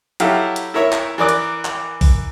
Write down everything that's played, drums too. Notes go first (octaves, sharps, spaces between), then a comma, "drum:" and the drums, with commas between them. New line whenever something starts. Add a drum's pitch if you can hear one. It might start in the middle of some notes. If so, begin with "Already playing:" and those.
F#3 E4 G4 A4 F5, drum: hi-hat
drum: hi-hat
E4 A#4 C#5 E5
drum: clap
E3 A#4 D5 D6 F#6
drum: hi-hat
drum: clap
drum: kick, open hi-hat